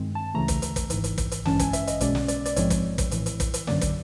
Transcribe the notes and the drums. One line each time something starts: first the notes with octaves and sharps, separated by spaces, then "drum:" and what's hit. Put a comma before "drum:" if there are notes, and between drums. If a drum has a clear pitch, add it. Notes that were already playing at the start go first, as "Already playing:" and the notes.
Already playing: G2 D#3 G#3 C4
A5
D2 C#3 E3 A3 A#5
drum: kick, hi-hat
drum: hi-hat
drum: kick, hi-hat
G#1 G#2 E3, drum: hi-hat
drum: hi-hat
drum: kick, hi-hat
drum: hi-hat
A1 G2 E3 G#3 C#4 A5, drum: snare
G#5, drum: kick, hi-hat
E5, drum: hi-hat
D#5, drum: hi-hat
B1 B2 G#3 C#4 D5, drum: hi-hat
drum: snare
D5, drum: hi-hat
D5, drum: hi-hat
A#1 G#2 F3 G#3 C4 C#5, drum: hi-hat
drum: kick, hi-hat
drum: kick, hi-hat
A#1 A2 E3, drum: hi-hat
drum: hi-hat
drum: kick, hi-hat
drum: hi-hat
F#2 D3 F#3 A#3 D5, drum: snare
drum: kick, hi-hat